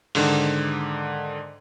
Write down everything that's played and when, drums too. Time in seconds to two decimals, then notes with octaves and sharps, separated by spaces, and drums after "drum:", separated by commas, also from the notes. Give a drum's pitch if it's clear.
0.15 G#2 D3 D#3, drum: open hi-hat